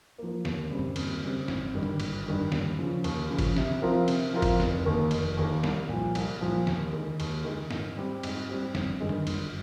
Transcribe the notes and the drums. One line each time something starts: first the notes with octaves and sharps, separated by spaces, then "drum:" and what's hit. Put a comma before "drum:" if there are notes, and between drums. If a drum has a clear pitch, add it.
F3 A#3
D#2, drum: snare
C#3 G3 C4
drum: tom F#2
D#2, drum: cymbal
C#3 G3 C4
G#1, drum: snare
G2 D#3 G3
drum: tom D3
G#1, drum: cymbal
G2 D#3 G3
D#2, drum: snare
C#3 F3
D#2, drum: cymbal
C#3 F3
drum: kick G1, cymbal
C3, drum: snare
F3 C4 F4 A#4
C3, drum: cymbal
F3 C4 F4 A#4
drum: kick G1, cymbal
F1, drum: snare
D#2 D#3 A#3
F1, drum: cymbal
D#2 D#3 A#3
C2, drum: snare
A#2 F3
C2, drum: cymbal
A#2 F3
D#2, drum: snare
D#3 G#3
D#2, drum: cymbal
D#3 G#3
G#2, drum: snare
G3 C4 G4
G#2, drum: cymbal
G3 C4 G4
G1, drum: snare
G2 D#3 G#3
drum: tom D3
G1, drum: cymbal